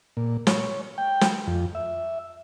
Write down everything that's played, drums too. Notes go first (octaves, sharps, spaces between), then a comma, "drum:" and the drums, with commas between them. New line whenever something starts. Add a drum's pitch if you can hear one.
A#2
C#5, drum: snare
G5
drum: snare
F2
E5